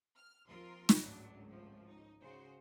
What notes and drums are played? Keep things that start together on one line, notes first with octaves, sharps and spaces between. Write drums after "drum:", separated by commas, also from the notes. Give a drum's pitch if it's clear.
F6
D#2 F3 C4 F4 A#4 C6
drum: snare
G#1 C#2 A2 F#3 D4
F3 A3
D#4
C#3 F#4 C5